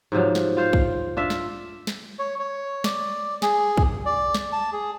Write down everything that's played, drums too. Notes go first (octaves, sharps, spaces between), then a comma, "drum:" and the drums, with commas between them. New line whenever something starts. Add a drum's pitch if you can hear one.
G#2 C3 F3 F#3
drum: snare
F4 C5 F5
drum: kick
D4 F4 E5
drum: snare
drum: snare
C#5
C#5
D5, drum: snare
G#4, drum: snare
drum: kick
D5
drum: snare
A5
G#4